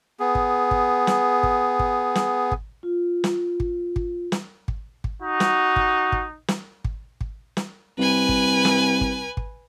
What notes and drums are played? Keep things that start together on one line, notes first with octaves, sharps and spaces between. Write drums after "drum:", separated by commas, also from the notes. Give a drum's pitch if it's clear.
B3 G#4
drum: kick
drum: kick
drum: snare
drum: kick
drum: kick
drum: snare
drum: kick
F4
drum: snare
drum: kick
drum: kick
drum: snare
drum: kick
drum: kick
D#4 F#4
drum: snare
drum: kick
drum: kick
drum: snare
drum: kick
drum: kick
drum: snare
C2 B4 G#5
drum: kick
drum: snare
drum: kick
drum: kick